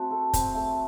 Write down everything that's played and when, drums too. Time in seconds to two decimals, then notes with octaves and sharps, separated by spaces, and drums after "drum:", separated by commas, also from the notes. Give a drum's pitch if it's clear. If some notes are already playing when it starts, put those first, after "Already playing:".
Already playing: A3 C4 F#4
0.11 A4
0.33 C4, drum: kick, hi-hat
0.55 A3